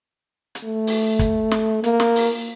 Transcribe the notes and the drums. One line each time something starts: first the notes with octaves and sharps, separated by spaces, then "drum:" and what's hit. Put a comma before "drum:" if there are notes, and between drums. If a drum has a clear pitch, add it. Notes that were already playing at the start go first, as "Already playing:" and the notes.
drum: hi-hat
A3
drum: open hi-hat
drum: kick, hi-hat
drum: snare
A#3, drum: hi-hat
drum: snare
drum: open hi-hat